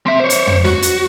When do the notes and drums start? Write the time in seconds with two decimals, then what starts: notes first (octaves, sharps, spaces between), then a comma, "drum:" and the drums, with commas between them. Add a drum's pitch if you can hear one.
0.07 C4 E5
0.20 C5 C#5
0.30 drum: hi-hat
0.47 drum: tom
0.65 F#4, drum: snare
0.82 drum: hi-hat